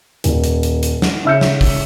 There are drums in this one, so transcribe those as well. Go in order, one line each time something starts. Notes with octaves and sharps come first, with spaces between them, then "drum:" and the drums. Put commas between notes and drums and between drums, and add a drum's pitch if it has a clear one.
D#1, drum: hi-hat
drum: hi-hat
drum: hi-hat
drum: hi-hat
drum: snare
C#3 E5 E6 G6 C#7
drum: snare
drum: kick, open hi-hat